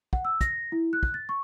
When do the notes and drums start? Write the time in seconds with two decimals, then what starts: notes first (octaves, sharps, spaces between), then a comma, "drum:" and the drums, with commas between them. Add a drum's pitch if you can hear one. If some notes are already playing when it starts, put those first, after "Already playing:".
0.13 F#5, drum: kick
0.25 E6
0.41 A#6, drum: kick, hi-hat
0.72 E4
0.93 F#6
1.03 drum: kick
1.14 A6
1.29 C#6